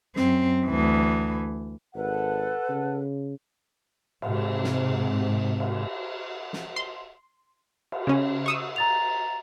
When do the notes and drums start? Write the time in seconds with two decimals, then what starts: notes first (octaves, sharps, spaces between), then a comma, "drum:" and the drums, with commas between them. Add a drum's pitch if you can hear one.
0.16 F#2 C4, drum: snare
0.66 D2 E3
1.95 G#1 A4 B4 F#5
2.69 C#3
4.22 G#2 C3, drum: cymbal
4.64 drum: snare
5.60 drum: cymbal
6.53 drum: snare
6.76 C6
7.92 drum: cymbal
8.07 C#3 C#4
8.46 C#6 D#6 E6
8.76 A#5 A6 F7